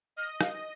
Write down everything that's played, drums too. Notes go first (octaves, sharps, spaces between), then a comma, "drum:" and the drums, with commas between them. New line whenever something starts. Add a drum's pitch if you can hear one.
D#5 F6
F5, drum: rim click